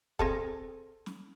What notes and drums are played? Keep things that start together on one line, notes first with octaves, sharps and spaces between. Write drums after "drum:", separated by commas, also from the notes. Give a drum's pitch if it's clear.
C4 G#4 A4, drum: kick
drum: snare